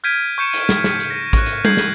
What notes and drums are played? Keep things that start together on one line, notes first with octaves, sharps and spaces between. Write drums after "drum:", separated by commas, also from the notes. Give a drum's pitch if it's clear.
F6 G6 G#6 B6 D7 D#7
C#6 G6 C#7 E7
drum: hi-hat
drum: snare
drum: snare
drum: hi-hat
A#6
C#6 F#6, drum: kick A1, hi-hat
drum: hi-hat
G6 G#6 C7 F#7, drum: tom G3
drum: snare